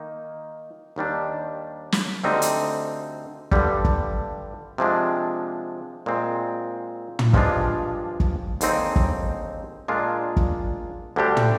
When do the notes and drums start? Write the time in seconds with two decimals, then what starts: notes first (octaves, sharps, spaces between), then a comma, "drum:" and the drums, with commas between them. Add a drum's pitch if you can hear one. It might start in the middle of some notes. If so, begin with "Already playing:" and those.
Already playing: D#3 A#3 D#4
0.96 D#2 D#3 G3 D4
1.92 drum: snare
2.24 D2 D3 G3 C4 D#4
2.42 drum: hi-hat
3.52 G2 D3 G3, drum: kick
3.84 drum: kick
4.78 C3 F3 G#3 D4
6.06 A#2 G#3 C4
7.19 drum: tom
7.33 G2 F3 G#3 D4 F4, drum: kick
8.20 drum: kick
8.61 D#2 D3 G#3 C4 D#4, drum: hi-hat
8.96 drum: kick
9.88 A#2 G#3 D4 F4
10.36 drum: kick
11.16 D2 D3 G3 D4 G4
11.37 drum: tom